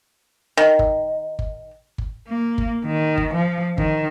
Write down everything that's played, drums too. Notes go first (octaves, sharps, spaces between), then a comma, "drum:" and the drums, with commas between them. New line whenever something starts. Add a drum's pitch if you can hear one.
D#3
drum: kick G1
drum: kick G1
drum: kick G1
A#3
drum: kick G1
D#3
drum: kick G1
F3
D#3, drum: kick G1